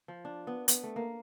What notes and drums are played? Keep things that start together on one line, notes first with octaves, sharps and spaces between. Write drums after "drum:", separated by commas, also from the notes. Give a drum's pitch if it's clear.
F3
D4
B3
B3, drum: hi-hat
A3
A#3